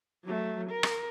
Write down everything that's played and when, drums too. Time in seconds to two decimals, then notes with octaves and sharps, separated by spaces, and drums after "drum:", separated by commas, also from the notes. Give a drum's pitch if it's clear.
0.25 F#3 A3
0.70 A#4
0.83 drum: rim click